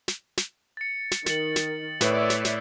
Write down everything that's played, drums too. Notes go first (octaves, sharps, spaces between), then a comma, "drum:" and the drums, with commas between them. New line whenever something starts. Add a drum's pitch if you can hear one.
drum: snare
drum: snare
A6 C#7
drum: snare
D#3 A6 C#7 F#7, drum: snare
drum: snare
A2 B4 C#5 D5 E5, drum: snare
drum: snare
drum: snare